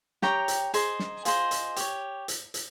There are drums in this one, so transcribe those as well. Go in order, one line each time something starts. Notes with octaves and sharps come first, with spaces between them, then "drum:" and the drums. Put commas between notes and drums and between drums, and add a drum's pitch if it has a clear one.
G4 C#5 G5 A#5, drum: snare
drum: hi-hat
G#4 C5 D#5, drum: hi-hat
drum: snare
F4 G#4 C5 D#5, drum: hi-hat
drum: hi-hat
G4 C#5, drum: hi-hat
drum: hi-hat
drum: hi-hat